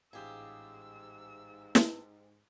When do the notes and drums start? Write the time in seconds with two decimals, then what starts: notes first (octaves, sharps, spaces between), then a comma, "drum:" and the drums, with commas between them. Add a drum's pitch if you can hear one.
0.13 A1 G#2 F4 G4 G#4 E6
1.75 drum: snare